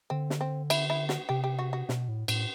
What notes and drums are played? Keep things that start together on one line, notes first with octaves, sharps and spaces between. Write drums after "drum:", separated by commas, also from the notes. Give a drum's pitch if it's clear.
D3 C4
drum: snare
C4
E4, drum: cymbal
E4
F#4, drum: snare
C3 G4
G4
F#4
F#4
B2, drum: snare
A2
A2, drum: cymbal